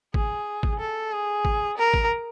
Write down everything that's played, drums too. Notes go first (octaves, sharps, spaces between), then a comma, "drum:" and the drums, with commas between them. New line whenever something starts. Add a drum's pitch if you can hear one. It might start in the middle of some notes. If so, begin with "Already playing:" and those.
G#4, drum: kick
drum: kick
A4
G#4
drum: kick
A#4
drum: kick